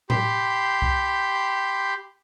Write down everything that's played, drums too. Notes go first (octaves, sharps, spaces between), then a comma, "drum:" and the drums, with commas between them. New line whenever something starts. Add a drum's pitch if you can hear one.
G4 B5 C6 G6, drum: tom A2
drum: kick C2